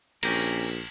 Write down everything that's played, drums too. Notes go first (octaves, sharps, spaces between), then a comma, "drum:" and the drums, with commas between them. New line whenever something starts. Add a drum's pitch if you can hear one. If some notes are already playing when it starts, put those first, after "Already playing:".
A#1 C#4 G4 A#4, drum: cymbal